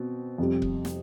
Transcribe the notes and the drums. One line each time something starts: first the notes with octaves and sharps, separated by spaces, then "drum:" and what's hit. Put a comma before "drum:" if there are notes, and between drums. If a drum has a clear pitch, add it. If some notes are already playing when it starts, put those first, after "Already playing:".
Already playing: B2 C4
F2 C3 G3
drum: kick C#1
drum: snare